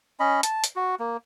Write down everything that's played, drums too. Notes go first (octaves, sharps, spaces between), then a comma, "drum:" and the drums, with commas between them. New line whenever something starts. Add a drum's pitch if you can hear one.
C#4 D#5 B5
A5, drum: hi-hat
drum: hi-hat
F#4
A#3